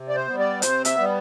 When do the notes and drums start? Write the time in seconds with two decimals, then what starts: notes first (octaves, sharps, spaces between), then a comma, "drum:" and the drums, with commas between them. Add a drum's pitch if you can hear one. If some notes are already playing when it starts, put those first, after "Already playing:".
Already playing: C3
0.09 D5
0.15 C5
0.28 G3 B3
0.39 D5
0.62 C3 C5, drum: hi-hat
0.85 E5, drum: hi-hat
0.95 G3 B3